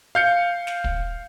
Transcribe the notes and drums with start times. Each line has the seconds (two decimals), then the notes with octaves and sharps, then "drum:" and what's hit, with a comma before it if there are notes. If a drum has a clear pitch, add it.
0.15 F5 G6 C#7
0.67 drum: snare
0.84 drum: kick